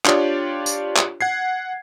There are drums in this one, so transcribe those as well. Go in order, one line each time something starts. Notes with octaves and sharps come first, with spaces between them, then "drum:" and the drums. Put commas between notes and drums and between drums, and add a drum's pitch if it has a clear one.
D4 F4 G4 C#5 D5, drum: clap
drum: tambourine
drum: clap
F#5 G#6 C7